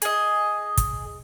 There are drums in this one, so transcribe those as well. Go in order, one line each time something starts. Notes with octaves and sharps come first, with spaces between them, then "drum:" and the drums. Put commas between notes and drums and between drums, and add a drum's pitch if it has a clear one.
G#4 D#5, drum: hi-hat
drum: kick, hi-hat